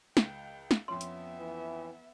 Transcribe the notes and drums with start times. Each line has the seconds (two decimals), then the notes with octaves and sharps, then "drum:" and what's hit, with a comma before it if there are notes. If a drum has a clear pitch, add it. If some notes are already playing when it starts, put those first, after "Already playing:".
0.17 C#2 G5, drum: snare
0.71 drum: snare
0.88 F2 F3 B3 C#4 E5 C6
1.01 drum: hi-hat
1.40 E3